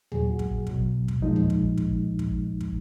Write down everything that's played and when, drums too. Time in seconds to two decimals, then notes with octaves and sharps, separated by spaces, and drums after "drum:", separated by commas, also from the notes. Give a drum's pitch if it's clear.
0.12 A#2 F#3 G#4, drum: tom D#2
0.30 F#4
0.39 drum: kick
0.67 B2 F#3, drum: kick
1.08 drum: kick
1.22 A#2 F3 G#3 D#4
1.36 drum: tom D#2
1.50 drum: kick
1.78 drum: kick
2.19 drum: kick
2.61 drum: kick